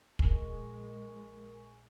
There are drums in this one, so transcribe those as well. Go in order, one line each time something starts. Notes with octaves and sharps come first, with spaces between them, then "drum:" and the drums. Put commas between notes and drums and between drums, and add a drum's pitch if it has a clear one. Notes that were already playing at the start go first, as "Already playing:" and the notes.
A#1 G#3 A#4 G#5 C#6, drum: kick